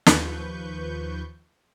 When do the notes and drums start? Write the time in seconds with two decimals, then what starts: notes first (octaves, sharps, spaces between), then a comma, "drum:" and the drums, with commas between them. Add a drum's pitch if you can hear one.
0.07 D#2 F3 B4 C#6 G6, drum: snare